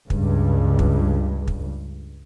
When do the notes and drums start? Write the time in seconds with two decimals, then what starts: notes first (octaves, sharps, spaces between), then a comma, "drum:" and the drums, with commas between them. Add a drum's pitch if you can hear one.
0.10 C#2 G2, drum: kick
0.79 drum: kick
1.48 drum: kick